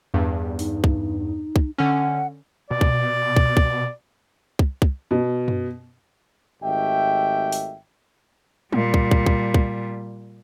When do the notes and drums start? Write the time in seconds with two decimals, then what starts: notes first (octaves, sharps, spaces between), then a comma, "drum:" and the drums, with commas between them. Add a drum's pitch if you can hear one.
0.14 E2 G2
0.59 D#4, drum: open hi-hat
0.84 drum: kick
1.56 drum: kick
1.78 D3 C#4 F#5
2.71 B2 D5
2.81 drum: kick
3.36 drum: kick
3.57 drum: kick
4.59 drum: kick
4.82 drum: kick
5.11 B2
5.48 drum: tom F#2
6.62 G#1 A3 G4 D#5 E5 G5
7.52 drum: open hi-hat
8.73 A#2 G3, drum: tom
8.94 drum: kick
9.11 drum: kick
9.26 drum: kick
9.54 drum: kick